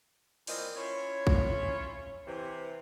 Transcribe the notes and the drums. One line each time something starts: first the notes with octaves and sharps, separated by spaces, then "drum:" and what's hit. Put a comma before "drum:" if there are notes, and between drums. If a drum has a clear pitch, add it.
E3 F3 A#3 C4 D5 D#5, drum: open hi-hat
C#4 E4 F4 C#5
drum: kick
C3 E3